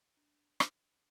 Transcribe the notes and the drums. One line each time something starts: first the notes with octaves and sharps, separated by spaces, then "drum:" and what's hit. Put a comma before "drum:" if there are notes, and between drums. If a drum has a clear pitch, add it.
D4
drum: rim click